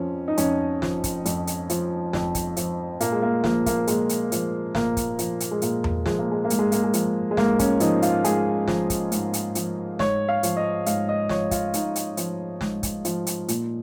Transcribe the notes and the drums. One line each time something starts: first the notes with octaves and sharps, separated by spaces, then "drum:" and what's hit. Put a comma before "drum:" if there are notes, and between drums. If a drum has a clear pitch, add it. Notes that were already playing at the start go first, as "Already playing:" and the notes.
Already playing: F2 F3 C#4
D#4
F2 C#4, drum: hi-hat
F3, drum: snare
drum: kick, hi-hat
F2, drum: hi-hat
drum: hi-hat
F3, drum: hi-hat
F2, drum: snare
drum: kick, hi-hat
F3, drum: hi-hat
A#2 A#3, drum: hi-hat
G#3
A#3
F3 A#3, drum: snare
A#3, drum: kick, hi-hat
A#2 G#3, drum: hi-hat
drum: hi-hat
F3, drum: hi-hat
A#2 A#3, drum: snare
drum: kick, hi-hat
F3, drum: hi-hat
drum: hi-hat
G#3
A#2 A#3, drum: hi-hat
drum: tom E2
F3 G#3, drum: snare
A#3
G#3
A#3
G#2, drum: hi-hat
G#3
A#3, drum: hi-hat
G#3
F3, drum: hi-hat
G#3
G#2 A#3, drum: snare
C#4, drum: kick, hi-hat
F3 D#4, drum: hi-hat
F4, drum: hi-hat
G#2 G#4, drum: hi-hat
F3, drum: snare
drum: kick, hi-hat
G#2, drum: hi-hat
drum: hi-hat
F3, drum: hi-hat
G#2 C#5, drum: snare
F5
F3, drum: hi-hat
D#5
G#2 F5, drum: hi-hat
D#5
F3 C#5, drum: snare
F4, drum: kick, hi-hat
G#2 D#4, drum: hi-hat
drum: hi-hat
F3, drum: hi-hat
G#2, drum: snare
drum: kick, hi-hat
F3, drum: hi-hat
drum: hi-hat
A#2, drum: hi-hat